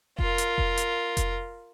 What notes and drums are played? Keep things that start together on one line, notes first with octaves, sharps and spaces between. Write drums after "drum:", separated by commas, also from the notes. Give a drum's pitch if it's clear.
F4 A#4, drum: kick F1
drum: hi-hat
drum: kick F1
drum: hi-hat
drum: kick F1, hi-hat